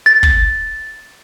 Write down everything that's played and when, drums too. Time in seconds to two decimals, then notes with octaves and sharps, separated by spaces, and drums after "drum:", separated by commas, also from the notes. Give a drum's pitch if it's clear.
0.06 A6
0.23 drum: kick